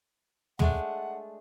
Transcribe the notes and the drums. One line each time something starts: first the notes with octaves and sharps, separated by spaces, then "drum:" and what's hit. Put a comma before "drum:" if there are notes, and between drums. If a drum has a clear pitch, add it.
G#3 A3 D4 F#5, drum: tom